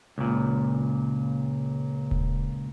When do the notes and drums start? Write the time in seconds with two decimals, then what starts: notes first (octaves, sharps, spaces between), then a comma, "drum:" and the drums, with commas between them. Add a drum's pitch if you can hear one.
0.18 C#2 A#2
2.11 drum: kick D#1